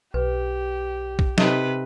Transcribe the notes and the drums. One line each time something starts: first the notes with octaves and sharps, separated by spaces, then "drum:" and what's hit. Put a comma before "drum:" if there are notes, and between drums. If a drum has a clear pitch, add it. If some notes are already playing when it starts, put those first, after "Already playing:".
B1 G4 B4
drum: kick
C3 D#4 A4 B4 D#5, drum: snare